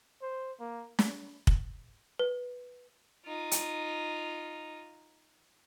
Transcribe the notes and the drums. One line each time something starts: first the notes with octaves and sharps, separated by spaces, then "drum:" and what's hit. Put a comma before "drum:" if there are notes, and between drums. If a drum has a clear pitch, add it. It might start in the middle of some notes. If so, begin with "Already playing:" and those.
C5
A#3
drum: snare
drum: kick
B4
D#4 F4
drum: hi-hat